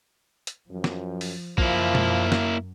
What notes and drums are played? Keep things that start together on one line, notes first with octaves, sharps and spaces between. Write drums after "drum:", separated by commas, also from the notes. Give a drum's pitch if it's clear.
drum: hi-hat
F#2 F3
drum: snare
drum: open hi-hat
F#2 F3 A#3 E4, drum: kick
drum: tom B2
drum: snare